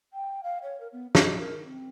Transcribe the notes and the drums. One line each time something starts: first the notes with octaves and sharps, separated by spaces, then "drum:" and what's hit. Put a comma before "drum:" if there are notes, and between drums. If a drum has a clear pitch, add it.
G5
F5
C#5
A#4
B3
D#5, drum: snare
A#4
C4